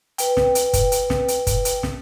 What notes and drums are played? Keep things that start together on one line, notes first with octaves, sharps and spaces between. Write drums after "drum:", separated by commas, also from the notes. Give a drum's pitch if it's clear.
B4 G5, drum: hi-hat
drum: snare
drum: hi-hat
drum: kick F#1, hi-hat
drum: hi-hat
drum: snare
drum: hi-hat
drum: kick F#1, hi-hat
drum: hi-hat
drum: snare